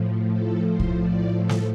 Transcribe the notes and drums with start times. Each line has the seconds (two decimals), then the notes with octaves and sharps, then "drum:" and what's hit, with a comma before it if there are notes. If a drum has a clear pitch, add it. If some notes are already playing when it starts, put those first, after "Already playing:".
Already playing: A2 F3
0.27 A4
0.62 C5
0.79 drum: kick B1
0.97 D5
1.31 A4
1.49 drum: snare